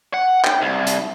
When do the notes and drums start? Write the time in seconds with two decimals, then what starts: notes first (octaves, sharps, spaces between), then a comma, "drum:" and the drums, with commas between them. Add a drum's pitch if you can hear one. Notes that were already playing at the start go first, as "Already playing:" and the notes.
0.14 F#5
0.44 G5, drum: clap
0.62 C2
0.87 drum: hi-hat